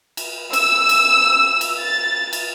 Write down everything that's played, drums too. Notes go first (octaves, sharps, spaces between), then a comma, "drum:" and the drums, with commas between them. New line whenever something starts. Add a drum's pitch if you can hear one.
drum: cymbal
E6, drum: cymbal
drum: cymbal
drum: cymbal
A6
drum: cymbal